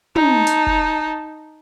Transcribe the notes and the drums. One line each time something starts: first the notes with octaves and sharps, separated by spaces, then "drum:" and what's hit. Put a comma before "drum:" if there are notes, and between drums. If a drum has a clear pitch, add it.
D#4 A5, drum: tom
drum: hi-hat
drum: kick